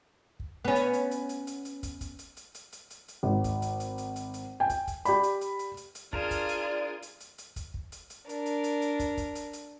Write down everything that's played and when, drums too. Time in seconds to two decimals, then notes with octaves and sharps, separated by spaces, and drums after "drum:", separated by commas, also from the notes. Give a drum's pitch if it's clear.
0.40 drum: kick
0.65 B3 C#4
0.75 drum: hi-hat
0.93 drum: hi-hat
1.11 drum: hi-hat
1.29 drum: hi-hat
1.47 drum: hi-hat
1.65 drum: hi-hat
1.83 drum: kick, hi-hat
2.01 drum: kick, hi-hat
2.19 drum: hi-hat
2.37 drum: hi-hat
2.55 drum: hi-hat
2.72 drum: hi-hat
2.90 drum: hi-hat
3.08 drum: hi-hat
3.23 G#1
3.44 drum: kick, hi-hat
3.62 drum: hi-hat
3.80 drum: hi-hat
3.98 drum: hi-hat
4.16 drum: hi-hat
4.34 drum: hi-hat
4.60 G5 G#5
4.70 drum: kick, hi-hat
4.87 drum: kick, hi-hat
5.05 G4 D5 B5, drum: hi-hat
5.23 drum: hi-hat
5.41 drum: hi-hat
5.59 drum: hi-hat
5.77 drum: hi-hat
5.95 drum: hi-hat
6.13 D4 F4 G#4 A#4 C5 D5, drum: kick
6.31 drum: kick, hi-hat
6.49 drum: hi-hat
7.02 drum: hi-hat
7.20 drum: hi-hat
7.38 drum: hi-hat
7.56 drum: kick, hi-hat
7.74 drum: kick
7.92 drum: hi-hat
8.10 drum: hi-hat
8.29 D4 A#4, drum: hi-hat
8.46 drum: hi-hat
8.64 drum: hi-hat
8.82 drum: hi-hat
8.99 drum: kick, hi-hat
9.17 drum: kick, hi-hat
9.35 drum: hi-hat
9.53 drum: hi-hat